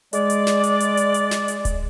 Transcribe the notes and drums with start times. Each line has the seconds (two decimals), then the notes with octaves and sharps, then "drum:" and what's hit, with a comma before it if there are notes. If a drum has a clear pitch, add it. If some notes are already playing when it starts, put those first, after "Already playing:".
0.13 G#3 D5, drum: hi-hat
0.30 drum: hi-hat
0.47 drum: snare
0.64 drum: hi-hat
0.80 drum: hi-hat
0.97 drum: hi-hat
1.14 drum: hi-hat
1.31 drum: snare
1.48 drum: hi-hat
1.65 drum: kick D1, hi-hat